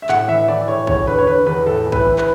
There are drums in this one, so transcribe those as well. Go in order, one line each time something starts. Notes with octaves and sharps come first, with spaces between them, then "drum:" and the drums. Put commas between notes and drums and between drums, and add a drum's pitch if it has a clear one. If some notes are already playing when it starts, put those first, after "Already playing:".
E5
A2 F#5, drum: clap
E3 E5
E3 D5
A2 C#5
E2 C#5, drum: kick
D3 B4
C#5
D3 B4
E2 B4
A2 A4
E3
B4, drum: kick
E3
B4, drum: clap